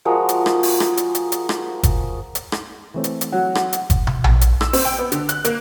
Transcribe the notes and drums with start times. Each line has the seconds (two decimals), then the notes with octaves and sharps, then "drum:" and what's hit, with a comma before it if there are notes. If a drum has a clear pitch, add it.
0.05 F3 G#3 F#4 A#4
0.29 drum: hi-hat
0.46 drum: rim click
0.63 drum: open hi-hat
0.80 drum: rim click
0.97 drum: hi-hat
1.15 drum: hi-hat
1.32 drum: hi-hat
1.49 drum: rim click
1.83 drum: kick F#1, hi-hat
2.35 drum: hi-hat
2.52 drum: rim click
2.94 E3 A3 C4
3.04 drum: hi-hat
3.21 drum: hi-hat
3.32 F#3 F#5
3.55 drum: rim click
3.73 drum: hi-hat
3.90 drum: kick F#1, hi-hat
4.07 drum: tom
4.24 drum: tom A#1
4.41 drum: hi-hat
4.61 E6, drum: rim click
4.73 C4, drum: open hi-hat
4.85 G5
4.98 B3
5.12 D3, drum: hi-hat
5.29 F#6, drum: hi-hat
5.45 A#3, drum: hi-hat